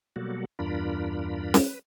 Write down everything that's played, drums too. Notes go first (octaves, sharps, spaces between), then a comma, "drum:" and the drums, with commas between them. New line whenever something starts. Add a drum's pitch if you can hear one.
B2 F#3 G3 A#3 F#4 A4
E2 G2 D4 F4 A#4 B5
drum: snare C#4
B4